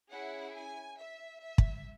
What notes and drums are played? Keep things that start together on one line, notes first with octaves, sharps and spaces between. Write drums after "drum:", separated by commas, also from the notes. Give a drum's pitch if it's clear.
C#4 E4 G#4 F#5
G#5
E5
E5
drum: kick